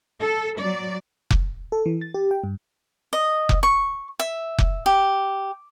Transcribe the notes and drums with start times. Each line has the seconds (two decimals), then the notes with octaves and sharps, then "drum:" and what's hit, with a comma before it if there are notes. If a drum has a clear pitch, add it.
0.20 A4
0.60 F#3 D5
1.31 drum: kick F1
1.72 A4
1.86 E3
2.01 A6
2.14 G4
2.31 G5
2.44 G2
3.13 D#5
3.49 drum: kick F1
3.63 C#6
4.20 E5
4.58 drum: kick F1
4.86 G4